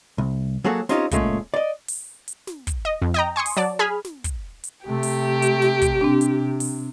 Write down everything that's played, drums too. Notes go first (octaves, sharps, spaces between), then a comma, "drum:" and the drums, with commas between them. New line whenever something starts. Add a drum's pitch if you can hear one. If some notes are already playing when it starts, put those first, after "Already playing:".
C2
F#3 A#3 F#4 G#4 A4 C#5
C4 C#4 D#4 F4 G4 C#5, drum: snare
C#2 A#2 G#3 A3 C#4, drum: kick, hi-hat
D5 D#5
drum: open hi-hat
drum: hi-hat
drum: snare
drum: kick, hi-hat
D#5
F2
D#5 G5 A#5
G#5 C6 C#6 D#6
drum: open hi-hat
F#3 D5 A5
G#4 G#5 B5 F6
drum: snare
drum: kick, hi-hat
drum: hi-hat
C3 A3 G4
drum: open hi-hat
drum: hi-hat
drum: snare
drum: kick, hi-hat
C3 C4 D4
drum: hi-hat
drum: open hi-hat